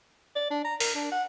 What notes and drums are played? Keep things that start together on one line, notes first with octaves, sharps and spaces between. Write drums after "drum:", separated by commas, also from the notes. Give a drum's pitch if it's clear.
D5
D4
A#5
A#4, drum: open hi-hat
D4
F#5